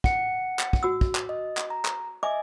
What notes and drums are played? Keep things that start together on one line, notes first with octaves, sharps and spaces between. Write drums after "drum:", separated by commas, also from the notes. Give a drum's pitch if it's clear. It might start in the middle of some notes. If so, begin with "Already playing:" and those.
F#5 C#7, drum: kick
drum: clap
drum: kick
F#4 E6
drum: kick
drum: clap
D#5
drum: clap
A#5
drum: clap
D#5 E5 G#5 D6